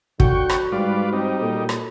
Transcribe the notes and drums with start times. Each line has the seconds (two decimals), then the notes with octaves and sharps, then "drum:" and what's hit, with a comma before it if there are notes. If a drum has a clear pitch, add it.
0.20 D3 F#4 G5 C#6, drum: kick
0.49 drum: rim click
0.72 G#2 G3 F4 B4 D5
1.13 G3 C4 D#4
1.42 A#2 A4
1.69 drum: rim click